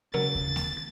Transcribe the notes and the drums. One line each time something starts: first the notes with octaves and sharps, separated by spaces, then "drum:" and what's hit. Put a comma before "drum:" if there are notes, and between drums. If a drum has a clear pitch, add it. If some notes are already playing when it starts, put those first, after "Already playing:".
C#3 F#3 A#4 A6
drum: kick D#2
drum: snare A3